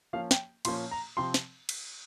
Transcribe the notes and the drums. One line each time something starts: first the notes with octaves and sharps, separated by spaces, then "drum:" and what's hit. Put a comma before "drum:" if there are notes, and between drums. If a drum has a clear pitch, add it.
F3 A#3 C#4 F5
G5, drum: snare
A#2 F3 A#3 C#4 C6, drum: cymbal
A#5
C3 F3 C4 C6
drum: snare
drum: cymbal